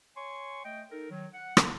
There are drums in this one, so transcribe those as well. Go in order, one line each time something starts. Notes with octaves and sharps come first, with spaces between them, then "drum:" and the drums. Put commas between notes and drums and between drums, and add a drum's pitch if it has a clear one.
C#5 G#5 C6 C#6
A3 D#5 G5
D#4 A4 A#4
D#3 F#3
F#5
F3 A#3 B3, drum: rim click